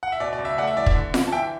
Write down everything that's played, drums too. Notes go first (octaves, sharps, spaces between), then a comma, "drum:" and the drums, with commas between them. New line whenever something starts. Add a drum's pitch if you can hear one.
F#5
E5
B2 D5
D5
C#2
E5
A3 D5 F#5
E5
E3 D5
E5, drum: kick
D3
D3, drum: snare F4
A5
E3 E5 G5